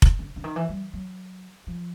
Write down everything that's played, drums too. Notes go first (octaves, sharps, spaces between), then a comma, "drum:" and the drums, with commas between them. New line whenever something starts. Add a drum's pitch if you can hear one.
drum: kick F1
D3
D3
D#3
E3
G3
F#3
F3